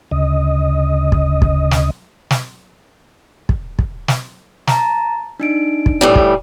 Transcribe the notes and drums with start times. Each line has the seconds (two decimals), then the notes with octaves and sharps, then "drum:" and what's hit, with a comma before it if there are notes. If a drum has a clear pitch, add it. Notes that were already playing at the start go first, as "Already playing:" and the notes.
0.11 D2 C#3 D#5
1.12 drum: kick
1.42 drum: kick
1.71 drum: snare
2.31 drum: snare
3.49 drum: kick
3.79 drum: kick
4.08 drum: snare
4.67 A5 A#5, drum: snare
5.40 D4 D#4 D7
5.86 drum: kick
6.01 A2 E3 G3
6.16 drum: kick